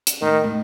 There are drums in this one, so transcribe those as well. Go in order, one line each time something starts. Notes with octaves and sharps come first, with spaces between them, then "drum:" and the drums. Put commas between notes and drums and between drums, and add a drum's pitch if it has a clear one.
drum: hi-hat
A2 D#3
A2